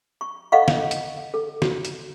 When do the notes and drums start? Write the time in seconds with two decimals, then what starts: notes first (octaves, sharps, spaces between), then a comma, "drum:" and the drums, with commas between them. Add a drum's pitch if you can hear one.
0.21 C#6
0.52 A4 D#5 F5 F#5 C#6
0.68 drum: snare
0.91 drum: hi-hat
1.34 A4
1.62 F#4, drum: snare
1.85 drum: hi-hat